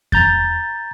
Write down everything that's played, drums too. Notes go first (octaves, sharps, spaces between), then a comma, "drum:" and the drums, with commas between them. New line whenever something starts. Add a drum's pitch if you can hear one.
A#5 G6 A6, drum: kick E2